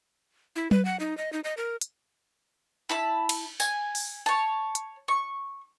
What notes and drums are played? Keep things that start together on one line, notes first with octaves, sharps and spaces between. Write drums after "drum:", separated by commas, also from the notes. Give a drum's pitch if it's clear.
E4
B4, drum: tom F#3
F#5
D#4
D#5
D#4
D#5
A#4
drum: hi-hat
E4 A5 B5
drum: cymbal
G#5, drum: tambourine
drum: open hi-hat
C#5 A5
drum: hi-hat
C#6